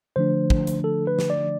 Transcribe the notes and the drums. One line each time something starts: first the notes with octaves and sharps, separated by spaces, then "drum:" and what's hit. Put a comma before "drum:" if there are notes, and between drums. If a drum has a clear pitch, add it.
D3 F3 A3 D4 C5
drum: kick
drum: hi-hat
A4
B4
drum: snare
D5